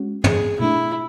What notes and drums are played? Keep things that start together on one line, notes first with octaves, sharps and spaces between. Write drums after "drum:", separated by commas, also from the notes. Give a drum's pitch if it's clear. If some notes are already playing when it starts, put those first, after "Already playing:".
Already playing: G#3 C#4 F#4
G#4, drum: tom
B2 A3 D4 E4